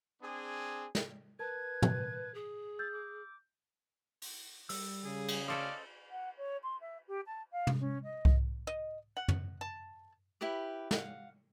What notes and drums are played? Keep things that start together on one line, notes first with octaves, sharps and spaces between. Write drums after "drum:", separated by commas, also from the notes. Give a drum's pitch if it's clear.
C4 D4 G#4
drum: snare
A#4 B4 A5 G#6
drum: tom
G#4
E6 G6 A6
D6
drum: open hi-hat
G3 E6, drum: open hi-hat
C#3 G#4
drum: cymbal
C#4 A4 C5 D5 D#5 F5 A5
F#5
C#5
C6
E5
G4
A5
F5
drum: tom
C#4
D#5
drum: kick C2
D#5
F#5
drum: tom
A5
E4 G4 B4 D6
F5 F#5, drum: snare